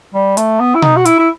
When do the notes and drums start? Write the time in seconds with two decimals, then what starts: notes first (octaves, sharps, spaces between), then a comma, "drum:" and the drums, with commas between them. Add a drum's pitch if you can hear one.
0.14 G3
0.37 A3, drum: hi-hat
0.60 B3
0.75 E4
0.82 D#4, drum: tom B2
0.96 F#4
1.05 E4, drum: hi-hat
1.19 E4